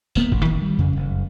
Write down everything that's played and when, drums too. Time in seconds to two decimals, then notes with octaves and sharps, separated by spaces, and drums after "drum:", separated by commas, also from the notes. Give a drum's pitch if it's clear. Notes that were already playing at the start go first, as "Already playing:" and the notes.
0.15 D1 A#3 B3, drum: tambourine
0.32 A1, drum: kick
0.45 D#3
0.62 G3
0.78 F2 C#3
0.96 F#1